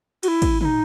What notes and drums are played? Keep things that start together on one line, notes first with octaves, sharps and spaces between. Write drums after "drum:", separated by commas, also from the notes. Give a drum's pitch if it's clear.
F#4, drum: cymbal
E4
drum: kick, cymbal
E4, drum: tom
D#4